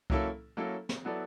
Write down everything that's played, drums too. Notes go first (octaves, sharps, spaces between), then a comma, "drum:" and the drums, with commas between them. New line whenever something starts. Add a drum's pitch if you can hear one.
F#3 A#3 C#4 E4 A4, drum: kick C2
F#3 A#3 C#4 E4 A4
drum: snare
F#3 B3 E4 A4 D5